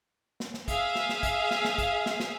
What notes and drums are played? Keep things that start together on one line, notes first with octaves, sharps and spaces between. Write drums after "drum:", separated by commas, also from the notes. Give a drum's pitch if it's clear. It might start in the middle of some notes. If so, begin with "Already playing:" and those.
drum: snare
drum: snare
G#4 E5 F5, drum: kick, hi-hat
drum: snare
drum: snare
drum: kick, hi-hat
drum: snare
drum: snare
drum: kick, hi-hat
drum: snare
drum: snare